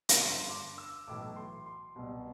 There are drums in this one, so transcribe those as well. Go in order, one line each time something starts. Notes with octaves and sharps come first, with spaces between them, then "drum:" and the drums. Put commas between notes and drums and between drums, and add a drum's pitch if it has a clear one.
drum: hi-hat
G1 G2 D3 C6
C6
D6
E6
B1 A2 E3 D6
C6
C6
C2 B2